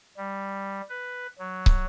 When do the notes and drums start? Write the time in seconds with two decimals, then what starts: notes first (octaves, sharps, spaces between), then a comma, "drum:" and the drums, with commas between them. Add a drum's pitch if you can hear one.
0.17 G3
0.89 B4
1.39 F#3
1.66 drum: kick